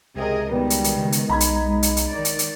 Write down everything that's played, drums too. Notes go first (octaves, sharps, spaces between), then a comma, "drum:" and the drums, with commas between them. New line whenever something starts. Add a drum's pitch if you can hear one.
C#2 C3 G#4 A#4 D#5
B2 D#3 G3 G#3 B3
drum: hi-hat
drum: hi-hat
C#3
drum: hi-hat
B1 D#4 A#5 B5 G#6
drum: hi-hat
G#3
drum: hi-hat
drum: hi-hat
D#3 D5
drum: hi-hat
drum: hi-hat